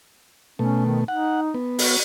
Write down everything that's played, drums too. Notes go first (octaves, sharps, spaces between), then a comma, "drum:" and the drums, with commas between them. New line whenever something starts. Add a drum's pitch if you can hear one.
B2 A3 C#4
D#3
D#4 F#5
B3
F#4, drum: open hi-hat